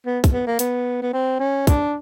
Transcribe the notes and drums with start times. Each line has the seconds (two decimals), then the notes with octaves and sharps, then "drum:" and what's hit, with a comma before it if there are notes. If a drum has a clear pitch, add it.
0.06 B3
0.24 drum: kick, hi-hat
0.33 B3
0.47 A#3
0.59 B3, drum: hi-hat
1.02 B3
1.13 C4
1.40 C#4
1.67 D4, drum: kick, hi-hat